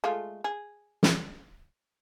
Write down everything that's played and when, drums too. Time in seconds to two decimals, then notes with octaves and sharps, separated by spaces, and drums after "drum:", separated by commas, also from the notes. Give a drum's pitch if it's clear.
0.04 G#3 A3 F4
0.44 G#4
1.03 drum: snare